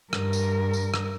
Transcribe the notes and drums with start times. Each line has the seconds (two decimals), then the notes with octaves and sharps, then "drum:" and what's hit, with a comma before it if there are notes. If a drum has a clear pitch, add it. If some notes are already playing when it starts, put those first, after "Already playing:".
0.13 G2 A#4, drum: rim click
0.33 drum: tambourine
0.73 drum: tambourine
0.94 drum: rim click